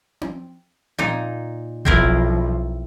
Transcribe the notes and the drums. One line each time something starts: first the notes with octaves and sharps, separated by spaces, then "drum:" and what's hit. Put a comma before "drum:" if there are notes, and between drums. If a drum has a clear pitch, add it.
drum: tom C4
A#2 D#4, drum: tom C4
B1 F3 C4 E4 A#4, drum: kick F#1